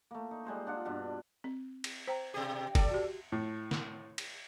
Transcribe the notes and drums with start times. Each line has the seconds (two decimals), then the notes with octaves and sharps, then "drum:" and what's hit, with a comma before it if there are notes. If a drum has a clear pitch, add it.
0.11 A3 A#3
0.31 D#4
0.45 G3 G#3 C5 D#5
0.67 D4 F4 F#5
0.85 G2 B2 D4
1.44 C4
1.84 drum: cymbal
2.08 C5 G5 A#5
2.34 B2 G4
2.75 A4 D5 G5, drum: kick, cymbal
2.91 F#4 G4
3.32 A2
3.71 drum: snare
4.18 drum: cymbal